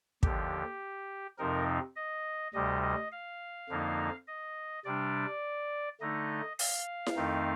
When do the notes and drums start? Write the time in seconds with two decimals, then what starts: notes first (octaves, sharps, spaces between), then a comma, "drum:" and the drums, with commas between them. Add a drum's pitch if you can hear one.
0.23 D#2 D3 F3 G4, drum: kick
1.38 F2 C3 F3 C4 D#4 A#4
1.96 D#5
2.54 D2 C3 G3 D#5
2.82 D#5
3.12 F5
3.69 F2 D3 F3 A#3 D#4
4.27 D#5
4.85 C3 G3 D4 D5
6.01 D3 A3 D#4 D#5
6.59 F5, drum: open hi-hat
7.06 drum: snare E4
7.16 F2 D#3 A3 C4 D#4